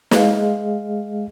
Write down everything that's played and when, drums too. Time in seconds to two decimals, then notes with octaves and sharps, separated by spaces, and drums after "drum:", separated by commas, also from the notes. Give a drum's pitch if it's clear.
0.11 G#3 F5, drum: snare